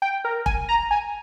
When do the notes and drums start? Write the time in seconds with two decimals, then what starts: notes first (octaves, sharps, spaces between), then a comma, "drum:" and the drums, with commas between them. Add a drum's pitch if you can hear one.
0.02 G5
0.25 A#4
0.46 G#5, drum: kick
0.69 A#5
0.91 G#5